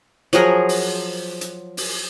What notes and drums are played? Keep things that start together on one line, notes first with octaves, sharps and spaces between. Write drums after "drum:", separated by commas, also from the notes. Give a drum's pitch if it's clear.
F3 F#3 G#4 A#4, drum: hi-hat
drum: open hi-hat
drum: hi-hat
drum: open hi-hat